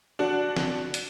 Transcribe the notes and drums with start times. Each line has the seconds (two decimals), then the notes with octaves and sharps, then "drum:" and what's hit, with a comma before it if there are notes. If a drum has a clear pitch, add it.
0.19 D4 F#4
0.57 drum: snare
0.94 drum: hi-hat